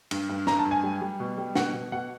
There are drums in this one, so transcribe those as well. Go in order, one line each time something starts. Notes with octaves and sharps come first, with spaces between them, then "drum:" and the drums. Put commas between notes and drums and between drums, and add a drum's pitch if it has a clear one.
G2, drum: cymbal
G2
G2 A#5, drum: snare
A5
G2
G#5
G3
G3
B2
G3
B2 F#5, drum: snare
B2
B2 F#5